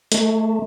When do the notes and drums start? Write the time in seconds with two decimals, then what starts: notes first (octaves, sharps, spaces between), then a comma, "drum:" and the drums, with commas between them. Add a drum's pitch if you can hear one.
0.12 A3, drum: hi-hat